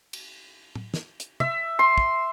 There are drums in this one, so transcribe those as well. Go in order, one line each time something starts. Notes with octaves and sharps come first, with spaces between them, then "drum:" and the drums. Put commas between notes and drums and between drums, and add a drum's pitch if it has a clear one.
drum: cymbal
drum: tom
drum: snare
drum: hi-hat
E5, drum: tom
C6
drum: kick